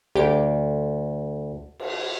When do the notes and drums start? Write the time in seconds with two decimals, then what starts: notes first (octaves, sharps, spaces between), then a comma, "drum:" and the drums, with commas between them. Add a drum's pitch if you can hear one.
0.16 D2 G4 D7
1.80 drum: cymbal